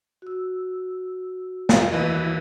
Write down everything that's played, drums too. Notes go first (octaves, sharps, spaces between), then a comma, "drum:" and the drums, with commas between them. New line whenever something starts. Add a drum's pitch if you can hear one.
F#4 E6
drum: snare
D#2 E3 B4 D#5